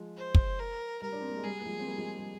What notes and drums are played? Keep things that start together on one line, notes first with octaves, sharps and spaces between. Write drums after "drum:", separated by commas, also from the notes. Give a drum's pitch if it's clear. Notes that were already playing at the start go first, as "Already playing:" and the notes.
Already playing: F3 G#3
C5
drum: kick
A#4
G3 A#4
D4
C4
A#3
G#3
G3 G#4
A#3
F3 G#3
C4
G3 A#3
F3 G#3
G3